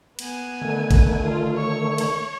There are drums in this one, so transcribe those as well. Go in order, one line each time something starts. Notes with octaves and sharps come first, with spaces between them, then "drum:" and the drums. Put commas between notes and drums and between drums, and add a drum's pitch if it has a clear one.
B3 G#5, drum: cymbal
D3 D#3 A3
drum: kick G#1, cymbal
F4
C#5 C#6
drum: cymbal